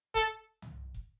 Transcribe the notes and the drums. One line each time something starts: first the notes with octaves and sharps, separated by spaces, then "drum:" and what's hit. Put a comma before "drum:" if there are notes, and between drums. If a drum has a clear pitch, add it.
A4, drum: kick F1
drum: tom
drum: kick F1